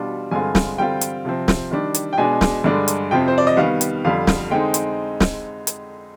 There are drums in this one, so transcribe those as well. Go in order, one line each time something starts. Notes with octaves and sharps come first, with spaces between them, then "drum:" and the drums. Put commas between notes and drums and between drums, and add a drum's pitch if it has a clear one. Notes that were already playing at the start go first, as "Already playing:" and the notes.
Already playing: B2 G3 D4 F4
G2 D3 G#3 C4 F4 G#5
drum: snare
D3 G3 C4 F4 G5
drum: hi-hat
C3 F3 C4
drum: snare
D#3 G3 D4
drum: hi-hat
G5
B2 G#3 D4 G#5
drum: snare
G2 D3 G#3 D4
drum: hi-hat
F2 C3 F3 C4 G5
C5
D5
D#5
D#3 G3 B3 F5
drum: hi-hat
F2 D3 G3 F5
drum: snare
D3 G#3 C4 D#4 G5
drum: hi-hat
drum: snare
drum: hi-hat